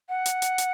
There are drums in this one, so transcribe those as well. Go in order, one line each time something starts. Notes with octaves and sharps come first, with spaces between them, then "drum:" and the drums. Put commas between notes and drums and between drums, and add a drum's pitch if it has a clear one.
F#5
drum: hi-hat
drum: hi-hat
drum: hi-hat